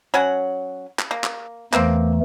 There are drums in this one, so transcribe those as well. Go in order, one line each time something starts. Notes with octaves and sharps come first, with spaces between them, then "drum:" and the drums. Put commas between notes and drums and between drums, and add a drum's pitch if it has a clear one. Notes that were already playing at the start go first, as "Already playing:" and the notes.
F#3 C#4 F#5
drum: clap
A#3
drum: clap
E2 E3 A3 A#3 C4, drum: clap